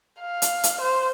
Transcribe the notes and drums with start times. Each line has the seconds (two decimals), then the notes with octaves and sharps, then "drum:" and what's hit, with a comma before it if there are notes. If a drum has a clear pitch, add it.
0.20 F5
0.42 drum: hi-hat
0.64 drum: hi-hat
0.81 C5